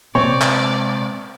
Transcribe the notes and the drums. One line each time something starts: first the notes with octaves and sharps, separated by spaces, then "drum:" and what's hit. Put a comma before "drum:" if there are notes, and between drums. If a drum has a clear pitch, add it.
C3 G#3 C4 C#5 D5
drum: clap